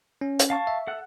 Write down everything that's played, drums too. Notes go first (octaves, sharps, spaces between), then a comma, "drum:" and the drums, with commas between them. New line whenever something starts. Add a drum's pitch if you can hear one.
C#4
drum: hi-hat
F5 A5 C#6
E5
A4 F#5 F#6